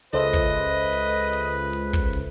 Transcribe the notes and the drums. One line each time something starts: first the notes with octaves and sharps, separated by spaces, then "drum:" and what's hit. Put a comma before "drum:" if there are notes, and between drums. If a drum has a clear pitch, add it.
C#2 A4 B4 C5 D#5 E5, drum: hi-hat
drum: kick
drum: hi-hat
drum: hi-hat
drum: hi-hat
drum: kick
drum: hi-hat